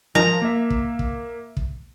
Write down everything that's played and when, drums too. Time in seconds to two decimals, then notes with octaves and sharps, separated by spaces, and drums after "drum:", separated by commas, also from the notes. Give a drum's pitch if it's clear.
0.15 F3 A#4 A#5
0.42 A#3 E5
0.70 drum: kick
0.99 drum: kick
1.57 drum: kick